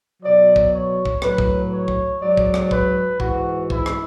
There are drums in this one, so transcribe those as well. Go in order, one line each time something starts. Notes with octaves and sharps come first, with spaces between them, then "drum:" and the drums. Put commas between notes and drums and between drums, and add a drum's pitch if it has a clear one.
B2 F#3 D5
drum: kick
C#5
drum: kick
A2 F#3 B4, drum: rim click
drum: kick
C#5
drum: kick
G#2 F#3 D5
drum: kick
drum: rim click
B4, drum: kick
G#2 E3 F#4, drum: kick
E4, drum: kick
drum: rim click